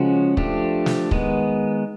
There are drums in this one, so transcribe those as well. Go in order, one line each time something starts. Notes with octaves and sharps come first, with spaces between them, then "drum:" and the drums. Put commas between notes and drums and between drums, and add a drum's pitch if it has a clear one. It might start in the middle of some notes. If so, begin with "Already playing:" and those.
Already playing: C#3 F3 G#3 C#4 F#4
F3 A3 D4 G4, drum: kick
drum: snare
D#3 G#3 B3, drum: kick